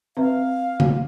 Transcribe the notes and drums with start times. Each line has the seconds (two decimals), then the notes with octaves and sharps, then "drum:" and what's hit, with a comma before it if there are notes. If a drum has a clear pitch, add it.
0.17 C4 B4 E5 F5
0.80 drum: tom C#3